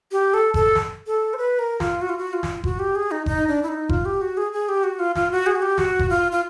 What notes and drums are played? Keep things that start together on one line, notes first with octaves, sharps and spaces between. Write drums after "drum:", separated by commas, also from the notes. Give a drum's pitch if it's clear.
G4
A4
A4, drum: kick F#1
drum: snare
A4
C5
B4
A#4
F4, drum: snare
F#4
F4
F#4
F4
drum: snare
F#4, drum: kick F#1
G4
G#4
D#4
D#4, drum: kick F#1
D4
E4
D#4
F4, drum: kick F#1
G4
F#4
G#4
G#4
G4
F#4
F4
F4, drum: snare
F#4
G#4
F#4
G4
F#4, drum: snare
drum: kick F#1
F4
F4